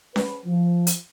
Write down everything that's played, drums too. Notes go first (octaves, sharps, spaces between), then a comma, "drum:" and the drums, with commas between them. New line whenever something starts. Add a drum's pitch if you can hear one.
B4, drum: snare C#4
F3
drum: hi-hat